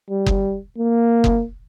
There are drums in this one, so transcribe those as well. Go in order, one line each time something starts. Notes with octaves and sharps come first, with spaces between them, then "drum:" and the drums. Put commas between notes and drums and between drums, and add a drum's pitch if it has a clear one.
G3
drum: kick F#1
A#3
drum: kick F#1